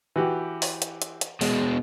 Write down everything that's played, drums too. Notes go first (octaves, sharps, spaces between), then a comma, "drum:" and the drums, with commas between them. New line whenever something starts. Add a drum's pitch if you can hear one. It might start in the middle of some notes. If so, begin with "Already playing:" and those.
E3 F#4 G4
drum: open hi-hat
drum: hi-hat
drum: hi-hat
drum: hi-hat
B2 G#3, drum: open hi-hat